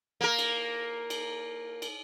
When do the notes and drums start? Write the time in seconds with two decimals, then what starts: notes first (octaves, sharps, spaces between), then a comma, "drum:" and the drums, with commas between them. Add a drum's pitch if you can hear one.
0.21 A#3 A#4
0.39 drum: cymbal
1.10 drum: cymbal
1.82 drum: cymbal